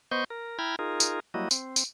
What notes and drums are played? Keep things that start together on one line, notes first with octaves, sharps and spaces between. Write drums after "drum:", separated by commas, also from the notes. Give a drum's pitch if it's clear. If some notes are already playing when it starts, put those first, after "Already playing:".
B3 C5 D#5 C#6 G6
A#4
E4 G5 A#5 B5 F6 G#6
D#4 F4 G#4 A#4
drum: tambourine
F#3 G3 A#3 E4 F#4 D#5
C4, drum: tambourine
drum: tambourine